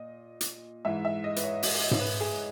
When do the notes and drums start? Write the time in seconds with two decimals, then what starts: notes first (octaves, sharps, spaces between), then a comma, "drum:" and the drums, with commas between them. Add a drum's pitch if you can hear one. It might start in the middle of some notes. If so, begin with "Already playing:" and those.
Already playing: A#2 D#5
0.41 drum: hi-hat
0.85 G#2 E3 E5
1.05 E5
1.24 D#5
1.36 B4, drum: hi-hat
1.44 C#5
1.63 D#5, drum: open hi-hat
1.81 D#5
1.91 C#5, drum: tom G#2
2.01 B4
2.20 G#4